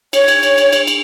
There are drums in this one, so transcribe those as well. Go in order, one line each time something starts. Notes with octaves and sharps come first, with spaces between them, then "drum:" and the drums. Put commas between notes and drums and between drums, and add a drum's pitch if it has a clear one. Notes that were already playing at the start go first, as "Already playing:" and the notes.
C#5, drum: cymbal
drum: cymbal
drum: cymbal
drum: cymbal
drum: cymbal
drum: cymbal